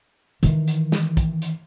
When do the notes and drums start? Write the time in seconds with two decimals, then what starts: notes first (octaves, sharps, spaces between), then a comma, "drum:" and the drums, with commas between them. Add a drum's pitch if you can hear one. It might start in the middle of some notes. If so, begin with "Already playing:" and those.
0.43 D#3 E3, drum: hi-hat
0.67 drum: hi-hat
0.92 drum: snare
1.17 drum: kick, hi-hat
1.42 drum: hi-hat